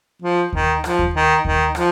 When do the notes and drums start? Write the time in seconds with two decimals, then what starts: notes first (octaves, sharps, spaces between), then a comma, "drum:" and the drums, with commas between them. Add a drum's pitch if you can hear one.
0.22 F3
0.53 D#3, drum: kick D#2
0.84 F3, drum: rim click
0.99 drum: kick D#2
1.14 D#3
1.45 D#3, drum: kick D#2
1.75 F3, drum: rim click